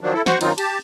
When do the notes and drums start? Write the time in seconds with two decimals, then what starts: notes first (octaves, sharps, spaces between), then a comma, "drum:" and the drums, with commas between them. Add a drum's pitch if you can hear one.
0.01 D#3 F3 F#3 D4
0.14 E4 A4
0.26 F#4 C5 F#5 C#6, drum: snare
0.41 F#2 D#3 F#3 C4 D#4 F4, drum: cymbal
0.58 G4 A5, drum: cymbal